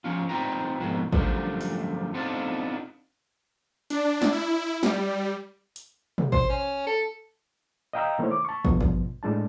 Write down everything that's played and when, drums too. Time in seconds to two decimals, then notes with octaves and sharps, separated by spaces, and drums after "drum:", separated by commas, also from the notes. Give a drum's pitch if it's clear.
0.04 F3 C#4 F4
0.29 C4 D#4 F4 B4 G5 A#5
0.80 F2 G#2 B2 D#3
1.13 F#2 D3 F3 G3 A3, drum: kick
1.61 drum: open hi-hat
2.14 B3 C4 D4 D#4 F4 A4
3.90 D4, drum: hi-hat
4.22 drum: snare
4.33 E4
4.83 G3, drum: snare
5.76 drum: hi-hat
6.18 drum: tom
6.32 C5, drum: kick
6.50 C#4
6.87 A4
7.93 D#5 F5 G5 A#5 D#6 E6
8.19 D#3 A3 A#3 E4 C5 C#5
8.31 D6
8.45 A5 C#6
8.65 G2 B2 F3, drum: kick
8.81 drum: kick
9.23 A2 G#3 D4 A5